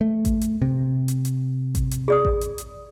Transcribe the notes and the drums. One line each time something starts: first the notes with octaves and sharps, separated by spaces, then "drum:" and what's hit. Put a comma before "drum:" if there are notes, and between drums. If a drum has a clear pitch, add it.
A3
drum: kick A1, hi-hat
drum: hi-hat
C3
drum: hi-hat
drum: hi-hat
drum: kick A1, hi-hat
drum: hi-hat
G#4 D5 D#6
drum: kick A1
drum: hi-hat
drum: hi-hat